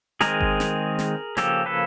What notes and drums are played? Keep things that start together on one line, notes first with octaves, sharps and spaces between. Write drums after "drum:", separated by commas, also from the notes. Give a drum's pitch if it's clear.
D#3 G#3 C4 G#4 A#4, drum: snare
drum: kick G1
drum: snare
drum: snare
C#3 F3 A#3 C#4 G4 A4, drum: snare
A4 B4